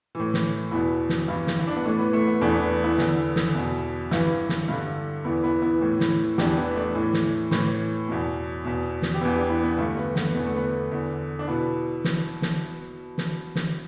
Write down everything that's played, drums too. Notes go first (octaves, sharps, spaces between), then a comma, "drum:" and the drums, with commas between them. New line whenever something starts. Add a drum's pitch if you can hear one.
A2 E3
drum: snare
E2 B2 B3 E4
drum: snare
G2 E3
drum: snare
E4
D4
B3
A2 E3 A3
B3
A3
B3
E2 E3 A3 D4
B3 E4
B3 E4
E2 D3, drum: snare
drum: snare
E2 B2
G2 E3 B3 E4, drum: snare
drum: snare
G2 D3
E2 E3 B3 E4
B3 E4
B3 E4
A2 E3
drum: snare
E2 E3 D4 G4, drum: snare
B3 E4
A3 D4
A2 E3
drum: snare
A2 E3, drum: snare
E2 B2
E2 B2
drum: snare
G4
E2 E3 B3 E4
D4 G4
B3 E4
B3
G2 D3 A3
B3
B3, drum: snare
E2 D3 B3
A3
B3
E2 D3
D4
B2 B3 E4
drum: snare
drum: snare
drum: snare
drum: snare